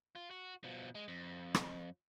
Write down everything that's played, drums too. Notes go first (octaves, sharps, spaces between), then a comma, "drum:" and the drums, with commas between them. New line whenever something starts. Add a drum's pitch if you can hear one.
F4
F#4
B2 F3
G#3
F2
drum: rim click